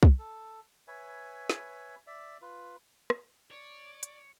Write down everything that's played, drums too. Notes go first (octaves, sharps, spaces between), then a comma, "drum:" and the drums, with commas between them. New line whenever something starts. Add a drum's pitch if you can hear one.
drum: kick
A4
B4 C#5 E5 G#5
drum: snare
D5 E5
F4 B4
drum: rim click
C#5 D5
drum: hi-hat